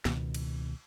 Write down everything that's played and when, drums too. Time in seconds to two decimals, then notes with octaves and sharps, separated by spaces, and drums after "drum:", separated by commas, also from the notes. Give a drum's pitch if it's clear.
0.05 C#2 B2 D#3, drum: snare
0.34 drum: cymbal